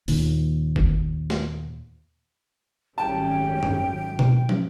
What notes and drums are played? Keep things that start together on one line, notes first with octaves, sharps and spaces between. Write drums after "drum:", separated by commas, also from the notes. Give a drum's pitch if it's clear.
D#2 A#2, drum: open hi-hat
drum: kick G1
drum: snare
G#1 F#2 G3 A3 C#4 G5 A5
drum: tom F#2
drum: tom B2
drum: tom